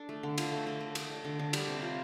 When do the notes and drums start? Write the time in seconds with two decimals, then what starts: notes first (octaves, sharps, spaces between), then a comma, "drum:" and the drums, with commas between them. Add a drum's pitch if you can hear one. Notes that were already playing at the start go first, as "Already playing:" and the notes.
Already playing: D4 A4
0.09 A3
0.23 D3
0.38 F4, drum: cymbal
0.52 A3
0.67 A3
0.81 A3
0.95 A3, drum: cymbal
1.10 A3
1.25 D3
1.39 D3
1.53 G3, drum: cymbal
1.68 C3
1.82 F4